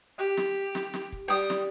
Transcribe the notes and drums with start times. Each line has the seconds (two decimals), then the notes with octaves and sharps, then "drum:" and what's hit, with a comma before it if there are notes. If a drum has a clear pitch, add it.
0.19 G4
0.37 drum: snare
0.75 drum: snare
0.94 drum: snare
1.12 drum: kick
1.28 G3 G5 D#6
1.50 drum: snare